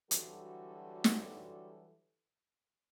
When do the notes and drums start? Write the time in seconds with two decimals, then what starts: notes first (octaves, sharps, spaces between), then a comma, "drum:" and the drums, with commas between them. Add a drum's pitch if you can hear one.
0.11 D3 E3 F#3 G3 F#4 A4, drum: hi-hat
1.04 drum: snare